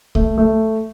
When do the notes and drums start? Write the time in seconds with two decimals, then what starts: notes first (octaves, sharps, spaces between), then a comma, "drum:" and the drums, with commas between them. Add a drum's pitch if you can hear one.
0.15 A3, drum: kick C2
0.38 A3